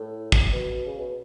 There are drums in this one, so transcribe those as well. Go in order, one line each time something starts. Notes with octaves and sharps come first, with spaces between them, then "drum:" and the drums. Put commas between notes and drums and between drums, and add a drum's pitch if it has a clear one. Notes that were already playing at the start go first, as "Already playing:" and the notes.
Already playing: A2
drum: kick
B2
C#3
B2